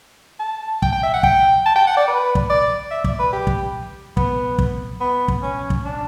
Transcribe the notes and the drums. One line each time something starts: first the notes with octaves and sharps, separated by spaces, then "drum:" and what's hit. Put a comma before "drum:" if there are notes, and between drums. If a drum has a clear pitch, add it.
A5
G5, drum: kick
G5
E5
F#5
G5, drum: kick
A5
G5
F#5
D5
B4
drum: kick
D5
E5
D5, drum: kick
B4
G4
drum: kick
B3, drum: kick
drum: kick
B3
drum: kick
C#4
drum: kick
D4